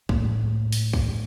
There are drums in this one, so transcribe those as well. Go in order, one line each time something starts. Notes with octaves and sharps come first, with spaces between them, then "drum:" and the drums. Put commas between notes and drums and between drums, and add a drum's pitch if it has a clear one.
A2, drum: kick B1
drum: open hi-hat
drum: kick B1